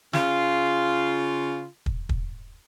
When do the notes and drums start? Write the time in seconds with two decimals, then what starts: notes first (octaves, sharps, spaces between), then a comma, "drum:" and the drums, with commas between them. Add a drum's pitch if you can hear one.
0.13 C#3 F4, drum: snare
1.86 drum: kick
2.09 drum: kick